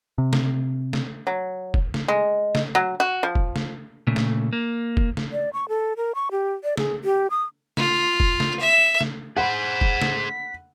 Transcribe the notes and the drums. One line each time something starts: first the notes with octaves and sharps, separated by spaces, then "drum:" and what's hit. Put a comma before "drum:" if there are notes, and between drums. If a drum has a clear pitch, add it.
C3
drum: snare
drum: snare
F#3
drum: kick
drum: snare
G#3
drum: snare
F#3
F#4
F3
drum: kick
drum: snare
A#2 C#3 A3
drum: snare
A#3
drum: kick
drum: snare
D5
C#6
A4
A#4
C#6
G4
D5
G#4, drum: snare
G4
D#6
F4, drum: snare
drum: kick
drum: snare
E5
drum: snare
G#4 C5 F#5 B5 B6
drum: kick
drum: snare